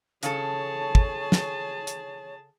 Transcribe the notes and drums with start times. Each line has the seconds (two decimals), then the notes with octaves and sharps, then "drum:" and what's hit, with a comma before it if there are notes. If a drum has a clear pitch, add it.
0.23 C#3 G#4 A4 C#5 A5, drum: hi-hat
0.95 drum: kick
1.32 drum: snare
1.87 drum: hi-hat